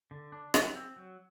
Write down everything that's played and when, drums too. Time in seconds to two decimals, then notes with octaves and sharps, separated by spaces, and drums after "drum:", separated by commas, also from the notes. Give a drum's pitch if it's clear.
0.11 D3
0.32 D4
0.54 F#3, drum: rim click
0.75 C4
0.96 F#3